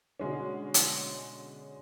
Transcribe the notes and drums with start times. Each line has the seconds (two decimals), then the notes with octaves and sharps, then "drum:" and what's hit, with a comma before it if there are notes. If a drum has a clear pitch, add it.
0.19 B2 D3 G#3 C#4
0.74 drum: hi-hat